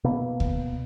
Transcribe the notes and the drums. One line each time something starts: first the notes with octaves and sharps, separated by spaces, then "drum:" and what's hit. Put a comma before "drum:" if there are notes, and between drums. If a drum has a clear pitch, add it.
B2 A#3 B3
drum: kick D2